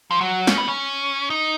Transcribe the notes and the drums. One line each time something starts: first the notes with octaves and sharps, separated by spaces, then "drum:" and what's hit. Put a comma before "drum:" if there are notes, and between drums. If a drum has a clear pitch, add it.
F3
F#3
C#4, drum: snare
B3
C#4
D#4